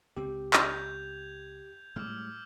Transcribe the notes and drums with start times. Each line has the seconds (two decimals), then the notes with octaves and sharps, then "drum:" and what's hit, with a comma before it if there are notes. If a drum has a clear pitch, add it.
0.17 C#2 C4 G4
0.53 G6 G#6 F7, drum: clap
1.96 A2 G3 G#3 D6 E6 F6